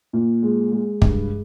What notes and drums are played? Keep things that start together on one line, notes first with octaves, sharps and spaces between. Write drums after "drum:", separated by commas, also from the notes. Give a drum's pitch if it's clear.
A#2
G#3
G#3
G2, drum: kick